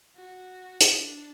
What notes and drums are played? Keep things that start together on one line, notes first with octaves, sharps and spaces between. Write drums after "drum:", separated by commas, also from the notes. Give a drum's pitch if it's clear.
F#4
drum: hi-hat
D4